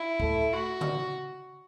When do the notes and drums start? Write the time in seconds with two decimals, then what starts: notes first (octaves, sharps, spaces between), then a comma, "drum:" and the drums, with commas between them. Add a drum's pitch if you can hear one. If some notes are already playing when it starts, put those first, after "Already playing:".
Already playing: E4
0.20 A3, drum: kick
0.52 F#4
0.81 drum: tom C#3